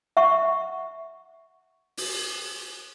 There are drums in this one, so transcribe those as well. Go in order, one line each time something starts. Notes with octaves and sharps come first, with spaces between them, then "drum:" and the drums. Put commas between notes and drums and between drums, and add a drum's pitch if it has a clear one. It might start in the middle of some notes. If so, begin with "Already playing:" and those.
E5 F#5 C#6
drum: open hi-hat